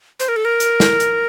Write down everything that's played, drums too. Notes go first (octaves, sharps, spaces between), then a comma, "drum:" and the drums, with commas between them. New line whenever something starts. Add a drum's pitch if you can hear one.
C5, drum: hi-hat
A#4
A4
A#4
drum: hi-hat
drum: snare
drum: hi-hat